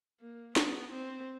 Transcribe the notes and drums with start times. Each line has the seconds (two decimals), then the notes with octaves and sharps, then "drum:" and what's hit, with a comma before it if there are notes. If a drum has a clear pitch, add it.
0.21 A#3
0.56 B3, drum: snare
0.92 C4